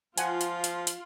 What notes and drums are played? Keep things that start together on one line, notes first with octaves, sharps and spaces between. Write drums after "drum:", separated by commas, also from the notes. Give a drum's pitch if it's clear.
F3 F4 F#5 G#5, drum: hi-hat
drum: hi-hat
drum: hi-hat
drum: hi-hat